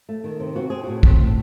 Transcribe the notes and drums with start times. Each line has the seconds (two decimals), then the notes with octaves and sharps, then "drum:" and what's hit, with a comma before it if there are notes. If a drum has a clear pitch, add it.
0.09 A3
0.24 D#3
0.40 C3
0.55 C4 F#4
0.70 C4 G#4
0.84 A2 F#4
1.03 C4, drum: kick
1.19 A2